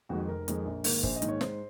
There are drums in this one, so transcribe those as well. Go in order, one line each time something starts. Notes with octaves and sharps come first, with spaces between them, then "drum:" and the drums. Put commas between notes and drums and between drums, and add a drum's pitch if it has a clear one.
F2 D#3 G#3 F#4
G#4
F1 A#4
F2 D#3 G#3, drum: hi-hat
A#1
G#2 D#3 A#3, drum: open hi-hat
A#1 C5, drum: kick
D#5
G#2 D#3 A#3, drum: hi-hat
C#5
G#2 C5, drum: snare